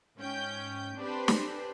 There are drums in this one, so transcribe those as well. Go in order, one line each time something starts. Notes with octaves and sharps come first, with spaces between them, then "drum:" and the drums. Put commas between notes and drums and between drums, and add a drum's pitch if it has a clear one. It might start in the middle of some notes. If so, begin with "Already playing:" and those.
G#2 C#4 G5 G6
C4 D4 G4 B4 C5
drum: snare